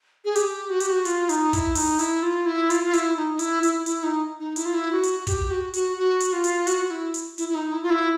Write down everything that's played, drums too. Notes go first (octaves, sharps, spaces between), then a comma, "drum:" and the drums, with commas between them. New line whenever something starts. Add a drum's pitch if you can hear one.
G#4
G4, drum: hi-hat
F#4
G4, drum: hi-hat
F#4
F4, drum: hi-hat
D#4, drum: hi-hat
E4, drum: kick, hi-hat
D#4, drum: open hi-hat
E4, drum: hi-hat
F4
E4
F4, drum: hi-hat
F4
E4, drum: hi-hat
D#4
D#4
E4, drum: hi-hat
E4, drum: hi-hat
E4, drum: hi-hat
D#4
D#4
E4, drum: hi-hat
F4
E4
F#4
drum: hi-hat
F#4
G4, drum: kick, hi-hat
F#4
F#4, drum: hi-hat
F#4
drum: hi-hat
F4
drum: hi-hat
F#4, drum: hi-hat
E4
drum: hi-hat
E4, drum: hi-hat
E4
D#4
E4
F4
E4